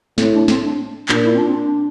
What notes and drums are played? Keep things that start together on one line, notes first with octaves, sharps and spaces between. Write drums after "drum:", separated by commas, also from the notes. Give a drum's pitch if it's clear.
A2 C4, drum: snare
D4
C4, drum: snare
D4
A#2 D4, drum: clap
E4
C4
D4
C4
D4